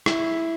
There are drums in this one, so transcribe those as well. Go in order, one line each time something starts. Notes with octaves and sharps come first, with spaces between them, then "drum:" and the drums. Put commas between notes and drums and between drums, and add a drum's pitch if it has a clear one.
E4, drum: rim click